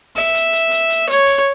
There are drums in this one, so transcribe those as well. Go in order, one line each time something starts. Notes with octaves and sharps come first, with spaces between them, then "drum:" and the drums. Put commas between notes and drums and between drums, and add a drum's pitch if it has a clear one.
E5, drum: open hi-hat
drum: hi-hat
drum: hi-hat
drum: hi-hat
drum: hi-hat
C#5, drum: hi-hat
drum: open hi-hat